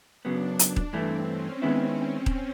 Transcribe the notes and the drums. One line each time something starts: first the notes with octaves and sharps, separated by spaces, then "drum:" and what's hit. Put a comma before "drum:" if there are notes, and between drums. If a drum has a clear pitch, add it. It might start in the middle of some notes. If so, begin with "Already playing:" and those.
F#2 C#3 F#3 B3 D4
drum: hi-hat
drum: kick D#1
G2 E3 A3 C4
C#4
D#3 G#3 B3 E4
drum: kick D#1